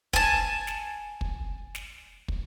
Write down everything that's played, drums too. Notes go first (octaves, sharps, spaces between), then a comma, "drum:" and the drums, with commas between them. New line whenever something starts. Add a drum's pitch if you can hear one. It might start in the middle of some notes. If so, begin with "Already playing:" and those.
G#5 A5, drum: kick
drum: snare
drum: kick
drum: snare
drum: kick